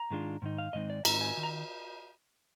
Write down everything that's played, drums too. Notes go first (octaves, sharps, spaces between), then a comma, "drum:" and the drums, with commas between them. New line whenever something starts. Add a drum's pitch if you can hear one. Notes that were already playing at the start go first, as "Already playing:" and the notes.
Already playing: A#5
G#2 D#3 G#3 D4 F4
G#2 D#3 D#4
F5
G#2 D#3 G#3 C4 D#4 D#5
D5
G#2 D#3 G#3 C4 D#4 A#5, drum: cymbal
G#5
D#3
A#5